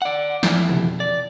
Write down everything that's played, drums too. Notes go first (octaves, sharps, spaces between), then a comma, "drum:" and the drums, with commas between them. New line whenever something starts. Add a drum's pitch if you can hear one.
D5 F#5
F2 E3, drum: snare
drum: tom B2
D5